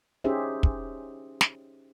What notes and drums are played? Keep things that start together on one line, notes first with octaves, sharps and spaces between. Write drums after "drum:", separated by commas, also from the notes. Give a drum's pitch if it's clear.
C#4 D#4 G4 G#4 C5 E5
drum: kick
drum: snare